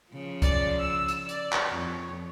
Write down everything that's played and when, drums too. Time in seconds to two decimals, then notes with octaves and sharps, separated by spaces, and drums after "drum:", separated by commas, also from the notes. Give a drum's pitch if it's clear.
0.11 C#3 F3
0.42 D5, drum: kick C2, hi-hat
0.80 E6
1.08 drum: hi-hat
1.29 D5, drum: hi-hat
1.53 drum: clap
1.69 F2 C#5